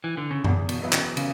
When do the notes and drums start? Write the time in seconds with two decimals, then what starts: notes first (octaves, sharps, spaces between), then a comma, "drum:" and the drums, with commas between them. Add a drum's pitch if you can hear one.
0.04 E3
0.17 D3
0.31 C#3
0.44 E2 B2, drum: tom F#2
0.69 B2, drum: cymbal
0.80 B2 F#3 B3 E4
0.93 C#3, drum: clap
1.17 C#3, drum: cymbal